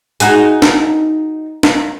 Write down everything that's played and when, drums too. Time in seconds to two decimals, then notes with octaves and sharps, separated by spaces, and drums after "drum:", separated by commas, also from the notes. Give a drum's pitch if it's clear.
0.20 D#4 F#4 G#4, drum: hi-hat
0.62 drum: snare
1.63 drum: snare